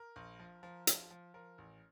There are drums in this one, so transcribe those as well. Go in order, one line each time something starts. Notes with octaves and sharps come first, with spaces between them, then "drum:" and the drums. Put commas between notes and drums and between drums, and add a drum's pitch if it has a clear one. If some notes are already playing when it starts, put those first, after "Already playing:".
Already playing: A#4
A#1
F3
F3
F3, drum: hi-hat
F3
F3 A#4
A1